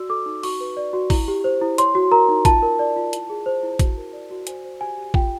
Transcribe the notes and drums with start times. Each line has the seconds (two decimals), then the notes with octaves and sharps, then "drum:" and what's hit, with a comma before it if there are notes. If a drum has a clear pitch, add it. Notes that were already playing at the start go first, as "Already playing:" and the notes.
Already playing: F#4 D5 E6
0.09 A4 D6
0.26 D#4
0.43 F#4 C#6, drum: open hi-hat
0.60 B4
0.77 D5
0.93 F#4
1.10 E4, drum: kick, open hi-hat
1.28 G4
1.44 C5
1.62 E4
1.78 C#5 C6, drum: hi-hat
1.95 F#4
2.11 A#4 A#5
2.29 D#4
2.45 F4 A5, drum: kick, hi-hat
2.62 A#4
2.79 D5
2.96 F4
3.13 E4, drum: hi-hat
3.30 G#4
3.46 C5
3.63 E4
3.79 F#4, drum: kick, hi-hat
3.97 A#4
4.13 D5
4.31 F#4
4.47 C5 G#5, drum: hi-hat
4.65 C5
4.81 G4 G#5
4.98 G4
5.14 F4 G5, drum: kick